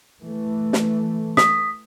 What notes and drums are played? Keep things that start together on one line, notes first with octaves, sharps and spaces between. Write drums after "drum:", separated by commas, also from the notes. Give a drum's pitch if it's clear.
E3 A3
drum: snare
D#6 B6, drum: snare